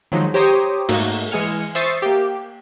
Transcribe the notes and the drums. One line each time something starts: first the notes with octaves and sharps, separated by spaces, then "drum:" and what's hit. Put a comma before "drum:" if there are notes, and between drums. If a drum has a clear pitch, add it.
D#3 F3 F#3 G#3 D#4
G4 C5 C#5 A#5 D6 D#6
G#2 A3 A#3 D#4 F#4, drum: cymbal
E3 G#3 G#5 F6 C#7
C5 E5 C#6 D#6 A6 C7, drum: hi-hat
A#3 G4